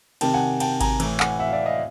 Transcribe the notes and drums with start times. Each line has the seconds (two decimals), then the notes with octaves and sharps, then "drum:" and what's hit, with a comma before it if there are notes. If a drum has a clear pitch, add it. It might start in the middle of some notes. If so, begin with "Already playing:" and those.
0.21 C3 D#3 G5 A5, drum: cymbal
0.34 F#5 G#5
0.60 G5 A5, drum: cymbal
0.81 G#5 A#5, drum: kick G#1, cymbal
1.00 A2 E3, drum: cymbal
1.20 F#5 G#5, drum: clap
1.39 E5 F#5
1.48 F5
1.53 D5 E5
1.66 D#5 F5